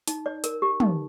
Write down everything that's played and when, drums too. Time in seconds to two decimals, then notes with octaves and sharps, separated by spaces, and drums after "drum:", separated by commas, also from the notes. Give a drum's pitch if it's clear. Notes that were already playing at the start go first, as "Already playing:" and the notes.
0.07 D#4, drum: hi-hat
0.26 D5
0.44 A#4, drum: hi-hat
0.62 G4
0.80 D#4, drum: tom